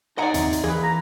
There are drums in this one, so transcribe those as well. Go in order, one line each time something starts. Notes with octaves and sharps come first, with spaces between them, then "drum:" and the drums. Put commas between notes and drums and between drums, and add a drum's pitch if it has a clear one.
C3 D#4 G#4 D5 D#5 F#5 A#5
D#2 C4, drum: hi-hat
drum: hi-hat
E3 A#3 G#4 B4
A#5